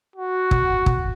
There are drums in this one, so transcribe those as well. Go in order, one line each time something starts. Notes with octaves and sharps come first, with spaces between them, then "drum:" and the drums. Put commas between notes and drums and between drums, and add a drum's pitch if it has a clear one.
F#4
drum: kick
drum: kick